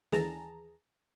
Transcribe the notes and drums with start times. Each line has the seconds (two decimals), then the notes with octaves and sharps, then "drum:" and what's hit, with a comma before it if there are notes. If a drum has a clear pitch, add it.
0.12 D#2 E3 G#4 A5 A#5, drum: snare